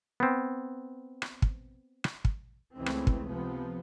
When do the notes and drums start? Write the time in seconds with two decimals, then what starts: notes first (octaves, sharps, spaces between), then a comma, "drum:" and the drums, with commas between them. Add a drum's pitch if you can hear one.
0.20 B3 C4
1.22 drum: rim click
1.42 drum: kick
2.04 drum: rim click
2.25 drum: kick
2.76 C#2 C#3 E3 G#3 A3 C4
2.86 drum: rim click
3.07 drum: kick
3.27 C3 F3 B3